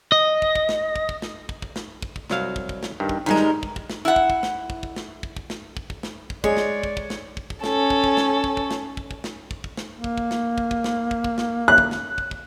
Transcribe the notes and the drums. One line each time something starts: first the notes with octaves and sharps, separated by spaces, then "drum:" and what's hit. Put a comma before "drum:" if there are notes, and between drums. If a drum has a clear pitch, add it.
D#5
drum: kick
drum: kick
drum: snare
drum: kick
drum: kick
drum: snare
drum: kick
drum: kick
drum: snare
drum: kick
drum: kick
C2 F#3 F5, drum: snare
drum: kick
drum: kick
drum: snare
G2 D#3
drum: kick
G#2 D#3 G3 G#3 A#4
drum: snare
drum: kick
drum: kick
drum: snare
E4 F#5
drum: kick
drum: kick
drum: snare
drum: kick
drum: kick
drum: snare
drum: kick
drum: kick
drum: snare
drum: kick
drum: kick
drum: snare
drum: kick
G#3 C#5 D5, drum: kick
drum: snare
drum: kick
drum: kick
drum: snare
drum: kick
drum: kick
C#4 A4, drum: snare
drum: kick
drum: kick
drum: snare
drum: kick
drum: kick
drum: snare
drum: kick
drum: kick
drum: snare
drum: kick
drum: kick
drum: snare
A#3
drum: kick
drum: kick
drum: snare
drum: kick
drum: kick
drum: snare
drum: kick
drum: kick
drum: snare
F#6
drum: kick
drum: snare
drum: kick
drum: kick